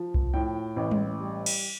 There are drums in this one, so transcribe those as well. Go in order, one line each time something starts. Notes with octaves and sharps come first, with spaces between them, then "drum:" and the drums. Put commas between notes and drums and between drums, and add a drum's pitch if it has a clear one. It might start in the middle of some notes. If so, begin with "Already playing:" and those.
Already playing: F3
drum: kick C2
A2 G5
A1
drum: tom G3
G3
drum: cymbal